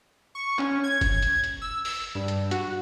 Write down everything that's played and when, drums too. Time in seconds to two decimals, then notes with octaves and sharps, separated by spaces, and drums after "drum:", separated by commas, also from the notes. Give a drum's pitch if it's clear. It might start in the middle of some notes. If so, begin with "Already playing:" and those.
0.35 C#6
0.59 C#4, drum: clap
0.84 G#6
1.01 drum: kick F#1, hi-hat
1.22 drum: hi-hat
1.44 drum: hi-hat
1.62 E6
1.85 E6, drum: open hi-hat
2.15 G2
2.28 drum: hi-hat
2.51 F#4, drum: hi-hat